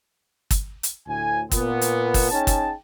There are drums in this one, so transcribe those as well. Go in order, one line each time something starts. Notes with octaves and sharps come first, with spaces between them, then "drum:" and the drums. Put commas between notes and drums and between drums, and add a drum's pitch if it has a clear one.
drum: kick, hi-hat
drum: hi-hat
D2 A2 G#5
A#2 B3, drum: kick, hi-hat
drum: hi-hat
drum: kick, open hi-hat
C#4 D#4 G#4 G5 A5
drum: kick, hi-hat